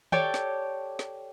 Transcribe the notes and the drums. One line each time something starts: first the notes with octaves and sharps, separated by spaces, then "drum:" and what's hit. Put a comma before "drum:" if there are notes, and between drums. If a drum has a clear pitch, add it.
G4 A4 C#5 D5 G5, drum: tom D#3
drum: snare
drum: snare